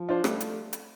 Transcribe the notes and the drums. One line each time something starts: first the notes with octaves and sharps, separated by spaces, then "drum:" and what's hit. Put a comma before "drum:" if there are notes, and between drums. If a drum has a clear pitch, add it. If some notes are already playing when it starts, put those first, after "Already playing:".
Already playing: F3
D4 F4 C5
G3 A3, drum: rim click
drum: hi-hat
drum: hi-hat